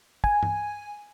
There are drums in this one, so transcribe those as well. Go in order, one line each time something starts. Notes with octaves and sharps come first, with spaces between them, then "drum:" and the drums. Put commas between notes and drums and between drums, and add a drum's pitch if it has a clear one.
G#5, drum: kick
drum: tom G2